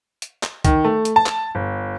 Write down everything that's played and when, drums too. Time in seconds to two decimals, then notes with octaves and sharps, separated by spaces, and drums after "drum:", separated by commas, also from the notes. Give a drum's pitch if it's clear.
0.22 drum: hi-hat
0.43 drum: clap
0.65 D#3, drum: kick, hi-hat
0.85 A3
1.05 drum: hi-hat
1.16 A5
1.26 drum: clap
1.55 G1